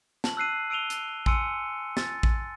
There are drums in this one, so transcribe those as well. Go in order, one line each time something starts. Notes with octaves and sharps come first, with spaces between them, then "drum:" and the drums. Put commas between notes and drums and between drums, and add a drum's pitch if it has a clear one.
A5 F#7, drum: snare
E6 F#6 C7 D#7
E6 D7 D#7 F7 G7
drum: hi-hat
G#5 C6 E6 C#7 D#7, drum: kick A1
A6, drum: snare
drum: kick A1